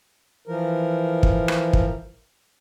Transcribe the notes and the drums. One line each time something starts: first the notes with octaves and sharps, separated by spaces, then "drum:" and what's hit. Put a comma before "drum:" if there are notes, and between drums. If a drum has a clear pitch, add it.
E3 F3 A#4
drum: kick
drum: rim click
drum: kick